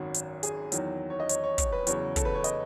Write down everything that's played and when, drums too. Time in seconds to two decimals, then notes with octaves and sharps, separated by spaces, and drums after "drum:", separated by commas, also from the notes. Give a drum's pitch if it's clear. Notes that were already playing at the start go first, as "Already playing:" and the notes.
Already playing: G#1 F#2 D#3 F#3 F#4
0.14 drum: hi-hat
0.43 G#4, drum: hi-hat
0.72 E2 D#3 F#3, drum: hi-hat
1.10 C#5
1.20 D#5
1.29 C#5, drum: hi-hat
1.44 C#5
1.58 C#5, drum: kick, hi-hat
1.72 B4
1.87 E2 C#3 F#3 C#5, drum: hi-hat
2.16 A4, drum: kick, hi-hat
2.25 B4
2.35 C#5
2.44 D#5, drum: hi-hat